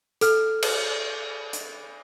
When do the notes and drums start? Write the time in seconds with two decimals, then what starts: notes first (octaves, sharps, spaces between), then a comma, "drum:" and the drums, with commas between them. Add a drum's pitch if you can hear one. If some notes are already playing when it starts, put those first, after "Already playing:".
0.21 A4 F6, drum: hi-hat
0.62 drum: cymbal
1.53 drum: hi-hat